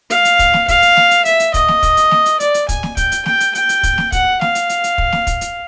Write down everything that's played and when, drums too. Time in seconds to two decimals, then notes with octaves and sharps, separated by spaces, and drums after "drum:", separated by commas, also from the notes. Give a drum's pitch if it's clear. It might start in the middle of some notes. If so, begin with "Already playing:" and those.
0.10 F5, drum: hi-hat
0.25 drum: hi-hat
0.39 drum: kick, hi-hat
0.54 drum: snare
0.68 F5, drum: kick, hi-hat
0.82 drum: hi-hat
0.97 drum: snare
1.11 drum: hi-hat
1.25 E5, drum: hi-hat
1.40 drum: hi-hat
1.54 D#5, drum: kick, hi-hat
1.68 drum: snare
1.83 drum: kick, hi-hat
1.97 drum: hi-hat
2.11 drum: snare
2.26 drum: hi-hat
2.40 D5, drum: hi-hat
2.54 drum: hi-hat
2.69 G#5, drum: kick, hi-hat
2.83 drum: snare
2.97 G5, drum: kick, hi-hat
3.12 drum: hi-hat
3.26 G5, drum: snare
3.40 drum: hi-hat
3.55 G5, drum: hi-hat
3.69 drum: hi-hat
3.83 drum: kick, hi-hat
3.98 drum: snare
4.12 F#5, drum: kick, hi-hat
4.41 F5, drum: snare
4.55 drum: hi-hat
4.69 drum: hi-hat
4.84 drum: hi-hat
4.98 drum: kick
5.12 drum: snare
5.27 drum: kick, hi-hat
5.41 drum: hi-hat